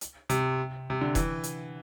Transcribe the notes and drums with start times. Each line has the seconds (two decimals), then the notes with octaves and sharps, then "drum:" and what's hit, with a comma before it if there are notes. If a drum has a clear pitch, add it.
0.01 drum: hi-hat
0.29 C3, drum: hi-hat
0.90 C3
1.01 D3
1.15 E3, drum: kick E1, hi-hat
1.44 drum: hi-hat